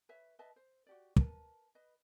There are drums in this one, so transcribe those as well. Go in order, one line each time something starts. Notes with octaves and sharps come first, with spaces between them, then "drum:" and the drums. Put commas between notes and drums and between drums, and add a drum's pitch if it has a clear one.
B4 C#5 E5
B4 D#5 E5 A5
C5
F#4 G4 D5
A#4 B4 A5, drum: kick
B4 D#5